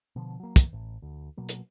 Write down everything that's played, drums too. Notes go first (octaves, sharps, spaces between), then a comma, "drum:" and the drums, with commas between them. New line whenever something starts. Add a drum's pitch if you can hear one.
B2 D3 F3
F#3 A#3
drum: kick, hi-hat
A1
D2
B2 F#3 A#3
drum: hi-hat